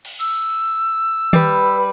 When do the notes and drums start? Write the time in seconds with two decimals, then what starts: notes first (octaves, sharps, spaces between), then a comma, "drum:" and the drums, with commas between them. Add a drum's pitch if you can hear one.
0.05 drum: cymbal
0.20 E6, drum: hi-hat
1.33 G3 B4, drum: tom D#3